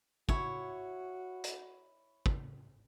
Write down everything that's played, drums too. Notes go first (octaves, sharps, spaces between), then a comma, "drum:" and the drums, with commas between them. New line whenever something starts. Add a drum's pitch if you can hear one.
E4 F#4 C#5, drum: kick
drum: hi-hat
drum: kick